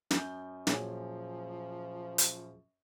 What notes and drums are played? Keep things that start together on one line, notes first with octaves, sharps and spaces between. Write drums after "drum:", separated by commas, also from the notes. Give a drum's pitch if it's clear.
F#2 G6, drum: snare
A#2 F3 F#3 G#4, drum: snare
drum: hi-hat